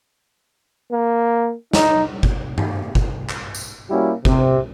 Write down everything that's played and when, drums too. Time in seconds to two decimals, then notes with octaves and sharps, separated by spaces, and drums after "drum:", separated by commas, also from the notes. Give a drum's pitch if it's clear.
0.91 A#3
1.73 D#4, drum: snare
2.23 drum: kick G1
2.58 drum: tom G2
2.95 drum: kick G1
3.29 drum: clap
3.55 drum: tambourine
3.90 G3 A#3 C#4 E4 F#4 G4
4.25 C3, drum: kick G1